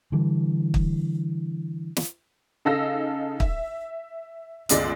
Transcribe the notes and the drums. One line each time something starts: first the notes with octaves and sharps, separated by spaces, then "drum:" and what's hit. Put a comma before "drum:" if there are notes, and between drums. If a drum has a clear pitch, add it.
D3 E3 G3
drum: kick
drum: snare
C#3 D#4 A4 F5 E6 A#6
E5, drum: kick
G1 C#2 G#3 D5, drum: hi-hat